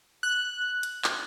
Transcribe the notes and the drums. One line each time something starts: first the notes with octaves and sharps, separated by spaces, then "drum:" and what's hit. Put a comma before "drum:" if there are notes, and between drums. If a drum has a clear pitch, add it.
F#6
drum: hi-hat
drum: clap